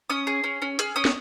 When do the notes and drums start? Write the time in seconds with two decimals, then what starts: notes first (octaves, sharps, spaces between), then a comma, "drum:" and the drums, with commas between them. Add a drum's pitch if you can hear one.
0.10 C#4 D#6
0.27 G#4
0.44 C#4
0.62 C#4
0.79 G#4 F6, drum: hi-hat
0.96 C#4 D#6
1.05 drum: snare